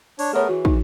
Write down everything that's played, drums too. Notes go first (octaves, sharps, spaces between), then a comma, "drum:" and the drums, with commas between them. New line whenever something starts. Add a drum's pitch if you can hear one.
D4 C#5, drum: open hi-hat
A3 B3 G#4 A#4 C#5
E3 F#4
D#4, drum: kick